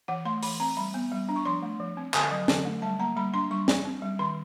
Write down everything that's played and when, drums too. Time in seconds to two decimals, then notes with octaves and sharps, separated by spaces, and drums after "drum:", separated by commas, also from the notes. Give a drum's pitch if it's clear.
0.08 E3 F#5
0.25 A3 C6
0.43 E3 B5, drum: open hi-hat
0.60 C4 A#5
0.77 G3 B5
0.94 B3
1.11 G3
1.29 D4
1.36 C#6
1.45 F3 C6
1.62 A3
1.80 F3
1.97 C4
2.14 D3 G#5, drum: clap
2.31 F#3
2.48 D3, drum: snare
2.65 A3
2.82 G3 A5
3.00 A#3 A#5
3.16 G3 B5
3.34 D4 C6
3.51 G3 C#6
3.68 C4, drum: snare
3.85 C4
4.02 G3
4.19 D#3 C6